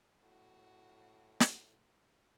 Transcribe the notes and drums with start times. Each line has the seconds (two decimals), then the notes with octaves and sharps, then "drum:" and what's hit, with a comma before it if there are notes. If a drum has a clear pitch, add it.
0.21 A2 F#4
1.40 drum: snare